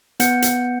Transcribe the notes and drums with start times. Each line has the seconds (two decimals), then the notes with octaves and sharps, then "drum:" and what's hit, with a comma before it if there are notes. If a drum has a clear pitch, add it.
0.20 B3 F#5 G6 C#7, drum: hi-hat
0.42 drum: hi-hat